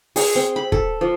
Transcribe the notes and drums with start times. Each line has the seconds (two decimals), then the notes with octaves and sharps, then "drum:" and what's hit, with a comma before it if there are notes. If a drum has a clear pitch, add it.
0.16 G#4, drum: open hi-hat
0.36 C4
0.56 B5
0.72 A4, drum: kick
1.01 F3